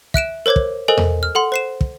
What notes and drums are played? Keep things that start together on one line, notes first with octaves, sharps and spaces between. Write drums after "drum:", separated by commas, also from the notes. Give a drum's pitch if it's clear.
E5 F#6 D7 E7, drum: kick
A#4 C5 C#5 D6 G#6
drum: kick
A4 A#4 C5 D#5 G#5
drum: tom E2
F6
A4 F#5 C6
C5 C7 E7
drum: kick